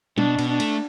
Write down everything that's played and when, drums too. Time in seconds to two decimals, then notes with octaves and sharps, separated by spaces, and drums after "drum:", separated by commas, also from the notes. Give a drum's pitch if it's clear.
0.18 B2 D4, drum: tom
0.38 B2, drum: cymbal
0.49 D4
0.60 A3, drum: cymbal